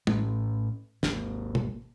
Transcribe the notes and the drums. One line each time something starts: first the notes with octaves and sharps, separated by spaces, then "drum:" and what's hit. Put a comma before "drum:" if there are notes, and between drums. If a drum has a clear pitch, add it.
A2 C#4, drum: tom
G#1 A#3, drum: snare
drum: tom